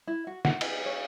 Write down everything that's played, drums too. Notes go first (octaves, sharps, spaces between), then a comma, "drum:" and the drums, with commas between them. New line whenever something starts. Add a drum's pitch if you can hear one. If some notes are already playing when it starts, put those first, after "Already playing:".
E4
F#4
F#5, drum: snare
drum: cymbal
C#5